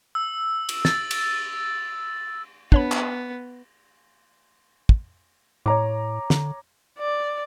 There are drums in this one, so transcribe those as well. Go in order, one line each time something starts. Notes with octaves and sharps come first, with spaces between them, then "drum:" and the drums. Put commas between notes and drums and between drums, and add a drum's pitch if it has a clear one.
E6
drum: cymbal
A6, drum: snare
drum: cymbal
B3 D4 C#5 B5, drum: kick
drum: clap
drum: kick
A2 C#5 A#5 D6
D3, drum: snare
D5